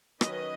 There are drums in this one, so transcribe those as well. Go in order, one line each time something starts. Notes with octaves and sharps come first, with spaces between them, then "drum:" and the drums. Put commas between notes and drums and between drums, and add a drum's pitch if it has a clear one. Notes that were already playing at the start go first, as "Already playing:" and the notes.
D#3 F#3 C#4 B4 D#5, drum: rim click